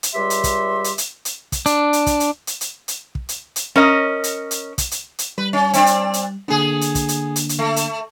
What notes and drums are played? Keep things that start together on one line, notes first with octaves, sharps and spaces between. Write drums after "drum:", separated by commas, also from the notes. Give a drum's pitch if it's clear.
drum: hi-hat
C#2 G3 G4 E5 C6
drum: hi-hat
drum: kick, hi-hat
drum: hi-hat
drum: hi-hat
drum: hi-hat
drum: kick, hi-hat
D4, drum: hi-hat
drum: hi-hat
drum: kick, hi-hat
drum: hi-hat
drum: hi-hat
drum: hi-hat
drum: hi-hat
drum: kick
drum: hi-hat
drum: hi-hat
C#4 A#4 D#5
drum: hi-hat
drum: hi-hat
drum: kick, hi-hat
drum: hi-hat
drum: hi-hat
G3 B4
C#4
C4 D4, drum: hi-hat
drum: hi-hat
drum: hi-hat
D3 A#3 B3 D4 G#4
drum: hi-hat
drum: kick, hi-hat
drum: hi-hat
drum: hi-hat
drum: hi-hat
A3
drum: hi-hat